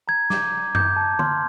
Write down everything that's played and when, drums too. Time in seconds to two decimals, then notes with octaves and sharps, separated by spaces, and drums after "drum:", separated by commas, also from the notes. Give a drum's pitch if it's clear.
0.08 A#5 G#6
0.30 D6 G6, drum: snare
0.53 A#5
0.75 D6 G6, drum: tom F#2
0.96 A5
1.19 C6 F6, drum: tom D3